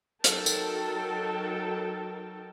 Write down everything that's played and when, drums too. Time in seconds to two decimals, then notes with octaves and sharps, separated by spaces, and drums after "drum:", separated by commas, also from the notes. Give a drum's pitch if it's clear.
0.24 F#3 D#4 A4 A#4 G5 A5, drum: hi-hat
0.46 drum: tambourine